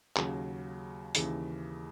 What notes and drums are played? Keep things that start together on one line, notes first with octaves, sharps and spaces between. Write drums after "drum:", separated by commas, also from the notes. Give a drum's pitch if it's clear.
D#2 C#3 F#3, drum: clap
D#2 C#3 E3, drum: hi-hat